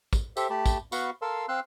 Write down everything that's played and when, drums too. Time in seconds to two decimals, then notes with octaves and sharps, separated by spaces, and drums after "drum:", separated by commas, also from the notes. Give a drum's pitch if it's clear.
0.13 drum: kick, tambourine
0.37 G4 A4 C5 E5, drum: tambourine
0.50 A3 G4 A5 B5
0.66 drum: kick, tambourine
0.92 B3 F#4 F5 F#5 B5 C#6, drum: tambourine
1.22 A4 A#4 F5 A5 C6 E6
1.48 C4 F5 C6 E6 F#6